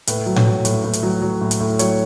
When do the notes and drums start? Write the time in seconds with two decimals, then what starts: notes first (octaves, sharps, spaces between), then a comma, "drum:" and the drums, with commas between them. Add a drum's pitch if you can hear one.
0.07 A2 B4, drum: hi-hat
0.26 F#3
0.36 C#5, drum: tom A2
0.45 F#3
0.65 A2, drum: hi-hat
0.84 A2
0.93 drum: hi-hat
1.03 F#3
1.22 F#3
1.41 A2
1.51 drum: hi-hat
1.60 A2
1.79 F#3 C#5, drum: hi-hat